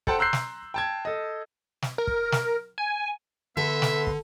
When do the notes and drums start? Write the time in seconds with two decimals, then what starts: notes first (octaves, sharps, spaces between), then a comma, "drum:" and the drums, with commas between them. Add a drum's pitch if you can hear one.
0.07 A4 C5 F#5 G5 A5, drum: kick
0.19 A#5 C6 E6 F#6 G6 C7
0.33 drum: snare
0.74 G5 A5 G#6
1.05 A4 D#5
1.82 drum: snare
1.98 A#4
2.07 drum: kick
2.32 drum: snare
2.78 G#5
3.57 D3 B3 A4 E5 C6
3.82 drum: snare
4.07 drum: kick